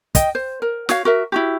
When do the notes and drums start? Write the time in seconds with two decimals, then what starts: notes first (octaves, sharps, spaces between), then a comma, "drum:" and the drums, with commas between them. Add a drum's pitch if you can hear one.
0.15 D#5 G5, drum: kick, hi-hat
0.35 C5
0.62 A#4
0.89 F#4 C#5 F5, drum: snare
1.05 F#4 A#4 E5
1.32 E4 F#4 G4